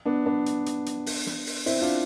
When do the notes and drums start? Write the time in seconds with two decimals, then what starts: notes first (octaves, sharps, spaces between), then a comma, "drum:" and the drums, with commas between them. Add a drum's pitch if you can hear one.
0.06 B3 D4
0.26 B3 D4
0.46 drum: hi-hat
0.66 drum: hi-hat
0.86 drum: hi-hat
1.06 drum: open hi-hat
1.26 drum: snare
1.47 drum: open hi-hat
1.66 C4 E4, drum: open hi-hat
1.81 D4 F4